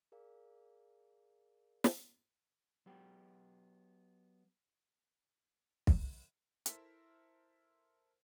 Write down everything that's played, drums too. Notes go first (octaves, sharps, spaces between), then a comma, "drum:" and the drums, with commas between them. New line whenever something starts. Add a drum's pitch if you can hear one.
G#4 A#4 D5 F5
drum: snare
F#3 B3 G4 G5
drum: kick
E4 A4 A#4 C5 E5, drum: hi-hat